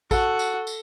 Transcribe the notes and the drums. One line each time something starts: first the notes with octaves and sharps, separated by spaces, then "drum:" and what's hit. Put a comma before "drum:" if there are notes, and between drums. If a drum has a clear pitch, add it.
F#4 A4, drum: kick A#1, tambourine
drum: tambourine
drum: tambourine